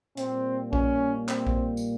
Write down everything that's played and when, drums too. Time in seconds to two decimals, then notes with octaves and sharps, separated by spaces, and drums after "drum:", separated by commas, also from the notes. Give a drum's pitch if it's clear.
0.17 A#2 G3 A#3 C4, drum: hi-hat
0.73 C#4, drum: kick A#1
1.29 C4, drum: clap
1.47 drum: kick A#1
1.77 drum: tambourine